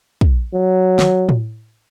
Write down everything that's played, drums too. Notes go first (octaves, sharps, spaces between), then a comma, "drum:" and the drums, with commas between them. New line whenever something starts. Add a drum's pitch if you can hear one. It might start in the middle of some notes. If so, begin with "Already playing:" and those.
drum: kick
F#3
drum: snare
drum: tom A2